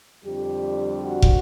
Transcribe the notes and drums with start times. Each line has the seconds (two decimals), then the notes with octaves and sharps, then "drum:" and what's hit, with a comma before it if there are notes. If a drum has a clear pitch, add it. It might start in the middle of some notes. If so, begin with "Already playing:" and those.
0.24 F2 D3 G3 G4
1.03 F#4
1.22 drum: kick